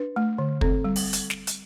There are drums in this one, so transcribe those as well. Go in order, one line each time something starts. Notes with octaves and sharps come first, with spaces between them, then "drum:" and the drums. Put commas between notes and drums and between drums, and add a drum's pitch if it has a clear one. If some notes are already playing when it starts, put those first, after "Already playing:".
Already playing: D4 B4
A3
D3
C4 A4, drum: kick
G3
drum: open hi-hat
drum: hi-hat
drum: snare
drum: hi-hat